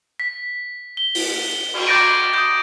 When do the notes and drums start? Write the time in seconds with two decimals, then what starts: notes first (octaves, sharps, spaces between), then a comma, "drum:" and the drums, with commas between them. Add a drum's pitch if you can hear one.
0.20 B6
0.97 G7
1.15 drum: open hi-hat
1.74 drum: cymbal
1.87 D6 G6 A6 A#6 D7 D#7
2.34 D#6 G6